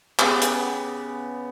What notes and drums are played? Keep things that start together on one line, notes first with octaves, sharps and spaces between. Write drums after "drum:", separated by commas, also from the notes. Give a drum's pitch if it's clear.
C#3 B3 G4 D6, drum: clap
drum: hi-hat